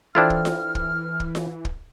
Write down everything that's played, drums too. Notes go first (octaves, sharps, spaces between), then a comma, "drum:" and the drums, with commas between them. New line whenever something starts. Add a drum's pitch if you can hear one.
E3 D4 E4 F4 A4 C5 G5 F6
drum: kick
drum: snare F4
drum: kick
drum: kick
drum: snare F4
drum: kick